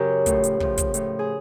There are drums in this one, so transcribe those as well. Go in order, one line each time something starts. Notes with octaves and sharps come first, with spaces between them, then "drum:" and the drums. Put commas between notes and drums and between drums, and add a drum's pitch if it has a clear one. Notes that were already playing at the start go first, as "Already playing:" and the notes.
Already playing: F#2 C#3 F#3 G4 A#4
A2, drum: kick, hi-hat
F3
drum: hi-hat
A2 F3, drum: kick
drum: kick, hi-hat
A2 F3, drum: hi-hat
G#4